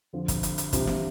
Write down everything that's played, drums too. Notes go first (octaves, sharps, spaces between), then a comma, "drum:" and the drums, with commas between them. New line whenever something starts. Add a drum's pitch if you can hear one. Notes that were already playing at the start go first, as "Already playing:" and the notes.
F2 D3 F3
drum: kick, hi-hat
drum: hi-hat
drum: hi-hat
C3 E3 G3 D4 F4, drum: kick, hi-hat
drum: snare